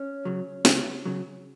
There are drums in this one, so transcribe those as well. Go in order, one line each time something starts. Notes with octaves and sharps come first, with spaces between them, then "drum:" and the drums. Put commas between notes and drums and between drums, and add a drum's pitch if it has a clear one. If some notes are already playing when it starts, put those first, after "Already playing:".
Already playing: C#4
C#3 F#3
C#2, drum: snare
C#3 F#3